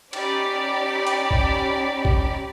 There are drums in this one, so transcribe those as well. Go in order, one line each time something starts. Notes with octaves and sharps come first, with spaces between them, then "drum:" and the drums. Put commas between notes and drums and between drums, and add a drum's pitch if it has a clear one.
C#4 D#4 G4 D5 B5, drum: cymbal
drum: hi-hat
drum: kick
drum: kick